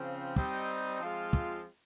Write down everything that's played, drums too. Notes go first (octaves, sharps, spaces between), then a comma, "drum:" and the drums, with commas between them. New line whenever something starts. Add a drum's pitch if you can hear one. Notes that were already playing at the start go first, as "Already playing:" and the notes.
Already playing: C#3 F3 C4
G3 C4 D#4, drum: kick
F3 G#3 C4 F4
drum: kick